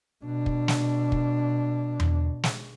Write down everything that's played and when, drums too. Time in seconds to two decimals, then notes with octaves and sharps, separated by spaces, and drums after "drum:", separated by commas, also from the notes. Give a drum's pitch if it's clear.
0.24 B2 D4
0.46 drum: kick
0.68 drum: snare
1.12 drum: kick
2.00 drum: tom E2
2.44 drum: snare